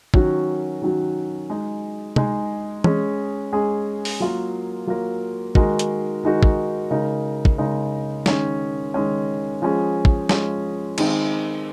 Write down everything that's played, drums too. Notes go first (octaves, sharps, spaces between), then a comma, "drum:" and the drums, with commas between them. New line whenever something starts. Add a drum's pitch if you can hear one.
D#3 F#3 C#4 F#4, drum: kick
D#3 F#3 C#4 F#4
G#3 D#4 G#4
G#3 D#4 G#4, drum: tom
G#3 C#4 G#4, drum: tom
G#3 C#4 G#4
drum: open hi-hat
F#3 A#3 F4 A#4
F#3 A#3 F4 A#4
D#3 G#3 D#4 F#4 A#4, drum: kick
drum: hi-hat
D#3 G#3 D#4 F#4 A#4
drum: kick
C#3 G#3 D#4 A#4
drum: kick
C#3 G#3 D#4 A#4
D#3 G#3 C#4, drum: snare
D#3 G#3 C#4
F3 G#3 C#4 G#4
drum: kick
F3 G#3 C#4 G#4, drum: snare
D#3 G#3 C4 D#4, drum: cymbal